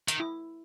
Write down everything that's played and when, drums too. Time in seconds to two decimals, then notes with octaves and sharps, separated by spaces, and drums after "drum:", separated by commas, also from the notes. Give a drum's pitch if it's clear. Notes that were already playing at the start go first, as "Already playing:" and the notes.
0.08 D#3, drum: hi-hat
0.20 E4